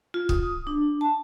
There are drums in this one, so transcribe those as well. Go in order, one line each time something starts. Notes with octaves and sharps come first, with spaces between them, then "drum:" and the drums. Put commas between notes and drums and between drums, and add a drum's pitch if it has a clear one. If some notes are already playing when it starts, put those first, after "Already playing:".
F4
D#6, drum: kick
D4
A5